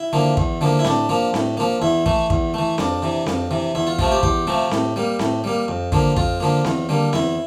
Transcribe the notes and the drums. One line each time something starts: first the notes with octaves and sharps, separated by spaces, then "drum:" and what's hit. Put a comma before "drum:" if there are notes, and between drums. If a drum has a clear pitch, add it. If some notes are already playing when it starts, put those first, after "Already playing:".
Already playing: E4
D3 F3 A#3
E2, drum: kick
D3 F3 A#3
E4
A2 D4, drum: snare C4
F3 A#3
A2, drum: snare C4
F3 A#3
E2 E4
E3 A3, drum: kick
E2, drum: kick
E3 A3
F2 D4, drum: snare C4
C3 E3
F2, drum: snare C4
C3 E3
E2 E4
F4
C3 F3 A3 F4, drum: kick
G4
E2 G4, drum: kick
C3 F3 A3
A2, drum: snare C4
G3 A#3
A2, drum: snare C4
G3 A#3
F2
D3 F3 A#3, drum: kick
F2 F4, drum: kick
D3 F3 A#3
E2, drum: snare C4
D3 G3 A#3
E2 E4, drum: snare C4